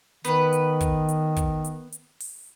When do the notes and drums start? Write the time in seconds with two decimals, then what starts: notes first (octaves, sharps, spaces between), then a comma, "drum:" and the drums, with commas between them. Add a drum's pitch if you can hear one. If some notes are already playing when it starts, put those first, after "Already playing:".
0.25 D#3 B3 B4, drum: hi-hat
0.53 drum: hi-hat
0.81 drum: kick, hi-hat
1.08 drum: hi-hat
1.36 drum: kick, hi-hat
1.64 drum: hi-hat
1.92 drum: hi-hat
2.20 drum: open hi-hat